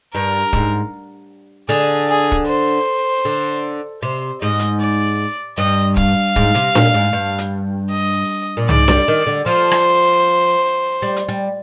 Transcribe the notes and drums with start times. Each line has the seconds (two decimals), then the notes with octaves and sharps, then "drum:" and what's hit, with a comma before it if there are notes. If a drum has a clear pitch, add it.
0.14 G2 A#4
0.53 G#2, drum: kick
1.69 D3 G#4, drum: hi-hat
2.09 G#4
2.32 drum: kick
2.47 C5
3.25 D3
4.02 C3 C5
4.41 G#2 D#5
4.59 drum: hi-hat
4.80 D5
5.58 G2 D#5
5.97 F5, drum: kick
6.36 G#2, drum: kick
6.55 C3, drum: hi-hat
6.75 A#2, drum: snare D4
6.94 G#2
7.13 G2
7.38 drum: hi-hat
7.91 D#5
8.57 A#2
8.69 G#2 D5, drum: tom C2
8.88 G3, drum: snare D4
9.08 D#3
9.27 D3
9.46 F3 C5
9.71 drum: rim click
11.02 G3
11.16 drum: hi-hat
11.29 G3